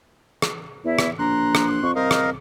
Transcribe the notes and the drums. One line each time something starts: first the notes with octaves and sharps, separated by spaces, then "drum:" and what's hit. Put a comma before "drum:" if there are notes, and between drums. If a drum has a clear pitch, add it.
drum: rim click
E2 E4
drum: rim click
A#1 A#5 C6 F#6
drum: rim click
F2 C#6
C2 A#4 C5 D#5 F5
drum: rim click